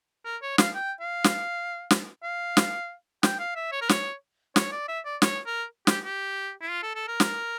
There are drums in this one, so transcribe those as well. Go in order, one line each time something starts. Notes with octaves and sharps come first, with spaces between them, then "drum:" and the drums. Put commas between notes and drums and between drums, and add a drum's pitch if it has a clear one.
A#4
C#5
F5, drum: snare
G5
F5
drum: snare
drum: snare
F5
drum: snare
G5, drum: snare
F5
E5
C#5
A#4
C#5, drum: snare
C#5, drum: snare
D5
E5
D5
C#5, drum: snare
A#4
G4, drum: snare
G4
E4
F4
A4
A4
A#4
drum: snare